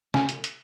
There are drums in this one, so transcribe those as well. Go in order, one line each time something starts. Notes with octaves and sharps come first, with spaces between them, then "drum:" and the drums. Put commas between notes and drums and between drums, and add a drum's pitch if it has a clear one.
C#4, drum: snare
drum: hi-hat
drum: hi-hat